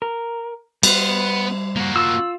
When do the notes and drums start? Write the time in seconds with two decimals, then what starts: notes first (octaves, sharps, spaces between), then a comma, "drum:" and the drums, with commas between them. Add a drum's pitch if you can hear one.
0.02 A#4
0.83 G3 B3 C5, drum: cymbal
1.76 A#3 F#4
1.96 F4 E6